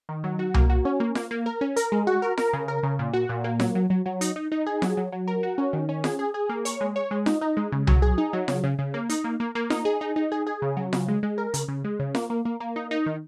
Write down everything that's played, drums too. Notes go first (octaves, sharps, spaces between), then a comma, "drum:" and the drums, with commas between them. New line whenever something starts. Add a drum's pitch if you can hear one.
D#3
F#3
F#4
A#3, drum: tom C2
F#4
C#4
A#3
A#3, drum: snare F4
A#3
A#4
C#4
A#4, drum: hi-hat
G#3
F#4
A#4
A#4, drum: snare F4
C#3
A#4
C#3
A#2
F#4
A#2
A#3
F#3, drum: snare F4
F#3
F#3
F#3
D#4, drum: hi-hat
D#4
D#4
G#4
F#3, drum: snare F4
F#3
F#3
A#4
F#4
C#4
D#3
C#4
G#4, drum: snare F4
G#4
G#4
A#3
C#5, drum: hi-hat
G#3
C#5
G#3
D#4, drum: snare F4
D#4
G#3
C#3
F#3, drum: tom C2
G#4
D#4
F#3
C#3, drum: snare F4
C#3
C#3
A#3
D#4, drum: hi-hat
A#3
A#3
A#3
D#4, drum: snare F4
G#4
D#4
D#4
G#4
G#4
C#3
F#3
C#3, drum: snare F4
G#3
G#3
A#4
C#3, drum: hi-hat
C#3
G#3
C#3
A#3, drum: snare F4
A#3
A#3
A#3
D#4
D#4
D#3